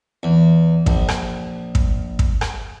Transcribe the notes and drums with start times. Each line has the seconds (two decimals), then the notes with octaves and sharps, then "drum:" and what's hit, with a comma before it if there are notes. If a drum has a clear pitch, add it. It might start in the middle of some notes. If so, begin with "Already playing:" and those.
0.23 E2
0.86 A#1, drum: kick
1.08 drum: rim click
1.75 drum: kick
2.19 drum: kick
2.41 drum: rim click